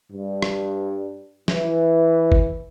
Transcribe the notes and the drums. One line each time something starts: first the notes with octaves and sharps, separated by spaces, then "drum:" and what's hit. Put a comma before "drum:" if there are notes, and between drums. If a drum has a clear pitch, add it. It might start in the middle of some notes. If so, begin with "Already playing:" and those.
G2
drum: rim click
E3, drum: snare
drum: kick